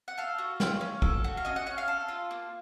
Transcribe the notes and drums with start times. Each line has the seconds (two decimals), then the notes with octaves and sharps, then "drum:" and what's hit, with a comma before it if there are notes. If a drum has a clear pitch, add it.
0.08 F#5
0.18 A4 F5
0.38 F#4
0.60 C#4, drum: snare
0.81 C#4
1.02 A4, drum: kick
1.24 F#4
1.37 F5
1.45 C#4 D#5
1.56 F#5
1.66 C#4 F#5
1.78 F5
1.88 A4
2.08 F4
2.31 A#3